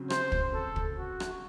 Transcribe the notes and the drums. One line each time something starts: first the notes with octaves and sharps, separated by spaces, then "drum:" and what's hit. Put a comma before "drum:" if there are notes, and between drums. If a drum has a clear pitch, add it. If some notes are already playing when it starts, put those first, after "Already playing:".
Already playing: C#3 F#3 C4
C5, drum: rim click
drum: kick
A4
drum: kick
F#4
drum: rim click